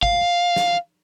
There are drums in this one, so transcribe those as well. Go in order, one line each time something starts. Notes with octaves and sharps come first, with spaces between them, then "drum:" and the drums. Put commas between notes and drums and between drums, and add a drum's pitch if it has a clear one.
F5, drum: kick
drum: snare